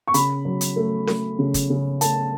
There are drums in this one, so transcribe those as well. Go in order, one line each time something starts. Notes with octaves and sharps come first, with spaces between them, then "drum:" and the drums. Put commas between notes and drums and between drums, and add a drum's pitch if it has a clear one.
C#6
C#3 B5, drum: hi-hat
F#3
drum: hi-hat
A3
A3, drum: snare C#4
C#3
drum: kick, hi-hat
C#3
A3 A5, drum: hi-hat